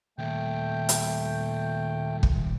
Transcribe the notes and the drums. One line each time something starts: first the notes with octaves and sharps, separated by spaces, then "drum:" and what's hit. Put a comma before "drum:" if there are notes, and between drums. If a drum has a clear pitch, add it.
D#2 A#2 A3 G5 G6
drum: hi-hat
drum: kick